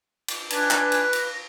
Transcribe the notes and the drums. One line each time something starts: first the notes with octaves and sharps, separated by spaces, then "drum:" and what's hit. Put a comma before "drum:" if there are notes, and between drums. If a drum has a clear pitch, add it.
drum: cymbal
D4 B4 G#5, drum: cymbal
drum: clap
drum: cymbal
A#6, drum: cymbal